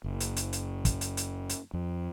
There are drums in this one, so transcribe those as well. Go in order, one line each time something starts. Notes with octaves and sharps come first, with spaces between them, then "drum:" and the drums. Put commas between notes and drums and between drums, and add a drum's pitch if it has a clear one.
F#1
drum: hi-hat
drum: hi-hat
drum: hi-hat
drum: kick, hi-hat
drum: hi-hat
drum: hi-hat
drum: hi-hat
F2